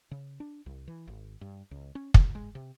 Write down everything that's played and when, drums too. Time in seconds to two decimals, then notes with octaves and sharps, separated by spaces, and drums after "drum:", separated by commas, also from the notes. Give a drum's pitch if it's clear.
0.11 C#3
0.40 D4
0.66 C2
0.88 E3
1.08 G#1
1.41 G2
1.71 C#2
1.95 C#4
2.14 C#2, drum: kick
2.35 G#3
2.55 C3